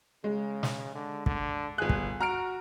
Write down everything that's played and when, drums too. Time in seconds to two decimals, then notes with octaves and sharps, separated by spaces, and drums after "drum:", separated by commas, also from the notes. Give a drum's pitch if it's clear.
0.24 C#3 G#3
0.63 drum: snare
0.95 D3
1.26 D3, drum: kick
1.78 G1 G#4 F#6
1.90 drum: kick
2.21 F#4 A#5 F6 D7